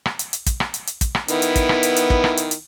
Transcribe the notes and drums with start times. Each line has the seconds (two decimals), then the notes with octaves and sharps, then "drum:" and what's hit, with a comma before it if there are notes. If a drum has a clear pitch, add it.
0.06 drum: rim click
0.19 drum: hi-hat
0.33 drum: hi-hat
0.46 drum: kick, hi-hat
0.60 drum: rim click
0.74 drum: hi-hat
0.87 drum: hi-hat
1.01 drum: kick, hi-hat
1.15 drum: rim click
1.28 D#3 B3 E4, drum: hi-hat
1.42 drum: hi-hat
1.56 drum: kick, hi-hat
1.69 drum: rim click
1.83 drum: hi-hat
1.96 drum: hi-hat
2.10 drum: kick
2.24 drum: rim click
2.37 drum: hi-hat
2.51 drum: hi-hat